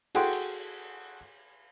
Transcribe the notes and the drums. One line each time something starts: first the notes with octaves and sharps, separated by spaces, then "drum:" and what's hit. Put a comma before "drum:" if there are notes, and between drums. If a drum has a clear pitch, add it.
F#4 G#4 A4 F#5 G5 C6, drum: cymbal
drum: hi-hat